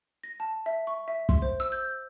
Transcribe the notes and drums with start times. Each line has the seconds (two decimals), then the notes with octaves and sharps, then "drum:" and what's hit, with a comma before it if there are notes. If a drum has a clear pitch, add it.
0.23 A#6
0.40 A5
0.66 E5
0.87 C#6
1.08 E5
1.29 C6, drum: kick
1.42 C5
1.60 E6
1.72 G6